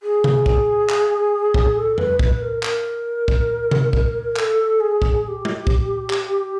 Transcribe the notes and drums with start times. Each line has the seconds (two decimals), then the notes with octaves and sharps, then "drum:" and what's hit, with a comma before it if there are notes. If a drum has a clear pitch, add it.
0.03 G#4
0.24 drum: tom C3
0.46 drum: kick
0.89 drum: clap
1.54 drum: kick
1.76 A4
1.98 B4, drum: tom F2
2.19 B4, drum: kick
2.41 A#4
2.63 A#4, drum: clap
3.28 drum: kick
3.71 drum: tom C3
3.93 drum: kick
4.37 A4, drum: clap
4.80 G#4
5.02 drum: kick
5.23 G#4
5.28 G4
5.45 drum: tom G#3
5.67 drum: kick
6.10 drum: clap